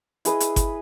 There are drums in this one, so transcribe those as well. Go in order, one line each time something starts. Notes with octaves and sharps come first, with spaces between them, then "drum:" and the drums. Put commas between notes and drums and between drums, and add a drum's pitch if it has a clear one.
E4 G#4 B4 D#5, drum: hi-hat
drum: hi-hat
drum: kick G1, hi-hat